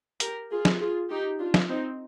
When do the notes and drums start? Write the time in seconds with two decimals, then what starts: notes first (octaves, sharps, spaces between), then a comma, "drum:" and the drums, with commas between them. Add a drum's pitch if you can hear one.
0.20 G4 A#4, drum: hi-hat
0.50 F4 G#4
0.65 drum: snare
0.80 F4 G#4
1.10 D#4 G4
1.39 D4 F4
1.54 drum: snare
1.68 C4 D#4